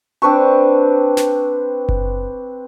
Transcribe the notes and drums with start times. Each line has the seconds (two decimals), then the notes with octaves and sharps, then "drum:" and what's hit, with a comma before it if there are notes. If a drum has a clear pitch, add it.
0.22 C4 D4 B4 C#6
1.17 drum: snare
1.89 drum: kick F#1